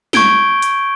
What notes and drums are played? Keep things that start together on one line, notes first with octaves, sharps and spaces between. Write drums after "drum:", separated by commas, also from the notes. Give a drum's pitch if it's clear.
C#6 G6 G#6 D7 G7, drum: snare
drum: hi-hat